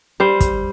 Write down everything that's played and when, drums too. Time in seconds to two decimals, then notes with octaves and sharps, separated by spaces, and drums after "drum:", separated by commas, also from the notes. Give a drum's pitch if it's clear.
0.20 G3 C5
0.41 drum: kick, hi-hat